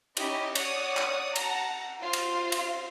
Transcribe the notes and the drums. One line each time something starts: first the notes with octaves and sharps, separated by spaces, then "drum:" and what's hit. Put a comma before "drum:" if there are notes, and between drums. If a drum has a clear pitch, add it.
C#4 D#4 E4 G4 D#5, drum: cymbal
C#5 D5 F#5 D#6, drum: cymbal
drum: clap
F#5 A5 A#5, drum: cymbal
F4 C5 F5 C6
drum: cymbal
drum: cymbal